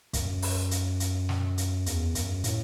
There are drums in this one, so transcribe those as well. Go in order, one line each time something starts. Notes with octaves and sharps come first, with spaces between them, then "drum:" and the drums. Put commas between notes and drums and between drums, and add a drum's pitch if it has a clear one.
F#2, drum: kick, hi-hat
drum: open hi-hat
drum: hi-hat
drum: hi-hat
drum: snare
drum: hi-hat
E2, drum: hi-hat
F#2, drum: hi-hat
A2, drum: hi-hat